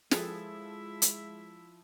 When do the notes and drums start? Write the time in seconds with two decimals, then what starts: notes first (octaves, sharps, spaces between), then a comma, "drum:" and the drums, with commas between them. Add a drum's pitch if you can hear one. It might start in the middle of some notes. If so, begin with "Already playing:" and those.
0.11 F3 G#3 E4 G#4 A4 B4 E5, drum: snare
1.02 drum: hi-hat